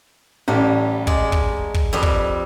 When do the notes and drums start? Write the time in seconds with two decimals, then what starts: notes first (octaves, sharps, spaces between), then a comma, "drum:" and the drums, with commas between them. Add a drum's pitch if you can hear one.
0.48 A1 G3
1.07 G#3 D5, drum: kick
1.32 drum: kick
1.74 drum: kick
1.93 F2 G3 B4
2.03 drum: kick